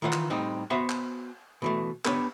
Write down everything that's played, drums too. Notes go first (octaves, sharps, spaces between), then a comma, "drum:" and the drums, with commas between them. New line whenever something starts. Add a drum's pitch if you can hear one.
D#3 E3 F4 C#5 F#5
drum: clap
A2 G3 C4 D#4 G4
B3 F#4 C5 E5 F#5
drum: clap
B2 E3 A3
B3 D4 G4 B4 C#5, drum: clap